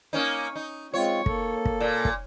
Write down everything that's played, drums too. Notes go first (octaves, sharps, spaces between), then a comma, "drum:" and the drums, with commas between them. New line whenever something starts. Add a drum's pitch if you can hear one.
A#3 C#4 D#4
D#4
G#3 C4 F4 C#5
A#3 A4, drum: kick
drum: kick
A#2
drum: kick